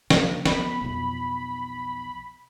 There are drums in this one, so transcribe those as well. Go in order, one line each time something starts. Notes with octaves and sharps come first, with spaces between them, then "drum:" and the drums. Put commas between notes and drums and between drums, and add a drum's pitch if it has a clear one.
D3 A#3, drum: snare
B3 B5, drum: snare
B1 F2